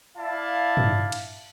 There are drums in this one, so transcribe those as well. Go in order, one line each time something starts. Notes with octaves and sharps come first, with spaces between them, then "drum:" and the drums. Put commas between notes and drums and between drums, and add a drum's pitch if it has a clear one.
E4 D5 F5 A5
drum: tom
drum: cymbal